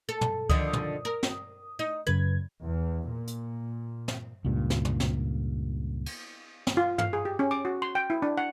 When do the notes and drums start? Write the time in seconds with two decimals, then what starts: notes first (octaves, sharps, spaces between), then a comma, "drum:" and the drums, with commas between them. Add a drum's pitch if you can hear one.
0.09 A4
0.21 drum: tom
0.49 D3 D#3 F3 D#6, drum: kick C#2
0.73 drum: tom
1.05 A#4
1.23 drum: snare
1.79 D#4
2.07 F#2 C#3 B4 G#6
2.65 E2
3.11 A#2
3.27 drum: hi-hat
4.08 drum: snare
4.45 C#2 G2 A#2 G3
4.70 drum: snare
4.85 drum: tom
5.00 drum: snare
6.06 drum: cymbal
6.67 drum: snare
6.77 F4
6.98 F5, drum: tom
7.13 G#4
7.25 G4
7.39 C#4
7.51 D6
7.65 F#4
7.82 C6
7.95 G5
8.10 E4
8.22 D4
8.38 F#5